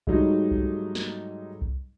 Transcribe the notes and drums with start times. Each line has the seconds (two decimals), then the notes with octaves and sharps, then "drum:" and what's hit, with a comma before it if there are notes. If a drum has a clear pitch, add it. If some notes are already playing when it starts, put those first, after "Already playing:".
0.07 G#2 F#3 G3 A3 D#4, drum: kick B1
0.51 drum: kick B1
0.95 drum: snare
1.62 drum: kick B1